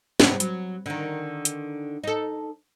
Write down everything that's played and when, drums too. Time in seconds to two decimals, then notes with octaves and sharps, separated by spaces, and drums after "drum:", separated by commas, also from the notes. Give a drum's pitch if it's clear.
0.20 G2 C3 B3, drum: snare
0.40 F#3, drum: hi-hat
0.86 D3 D#3
1.45 drum: hi-hat
2.04 D#4 A4